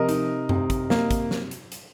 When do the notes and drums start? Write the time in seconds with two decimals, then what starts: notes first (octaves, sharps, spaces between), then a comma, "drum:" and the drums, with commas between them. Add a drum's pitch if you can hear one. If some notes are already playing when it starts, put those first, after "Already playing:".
Already playing: C3 F3 A#4 D#5
0.09 D#4, drum: hi-hat
0.49 C3, drum: tom F#2
0.70 drum: kick, hi-hat
0.90 A#3, drum: snare
1.11 drum: kick, hi-hat
1.31 drum: snare
1.51 drum: hi-hat
1.72 drum: hi-hat